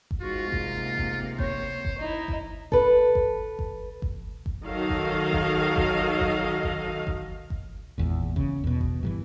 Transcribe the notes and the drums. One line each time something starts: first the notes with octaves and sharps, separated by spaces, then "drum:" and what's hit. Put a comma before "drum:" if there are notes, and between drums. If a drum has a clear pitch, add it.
drum: kick G1
G#2 F4 F#4
C3 A#3, drum: kick G1
drum: kick G1
C5 C#5, drum: kick G1
drum: kick G1
D#4 E4
drum: kick G1
A4 B4, drum: kick G1
drum: kick G1
drum: kick G1
drum: kick G1
drum: kick G1
D#3 F#3 A4 D#5 F5
drum: kick G1
drum: kick G1
drum: kick G1
drum: kick G1
drum: kick G1
drum: kick G1
drum: kick G1
G#1 E2 A#2
C#3, drum: kick G1
E2 B2
drum: kick G1
G2 D#3 E3